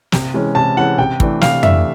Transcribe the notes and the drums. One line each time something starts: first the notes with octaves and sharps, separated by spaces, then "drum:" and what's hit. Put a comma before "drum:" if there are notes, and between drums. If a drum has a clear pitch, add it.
C3, drum: snare
E3 G#3 C#4
C3 A5
E3 G#3 C#4 F#5
C3 G5
E3 A3 D4, drum: kick
C3 F5, drum: snare
E3 A3 D4 E5, drum: tom F2